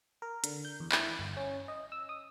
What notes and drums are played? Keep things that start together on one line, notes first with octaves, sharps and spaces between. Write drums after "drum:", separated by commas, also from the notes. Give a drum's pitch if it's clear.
A#4
D3, drum: hi-hat
G6
E2
E4, drum: clap
G1
C#4
D#5
E6
D#6